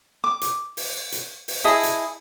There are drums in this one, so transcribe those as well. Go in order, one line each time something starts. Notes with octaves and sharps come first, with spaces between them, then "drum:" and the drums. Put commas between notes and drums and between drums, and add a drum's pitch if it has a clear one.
D6
drum: hi-hat
drum: open hi-hat
drum: hi-hat
drum: open hi-hat
E4 G#4 D#5 A5
drum: hi-hat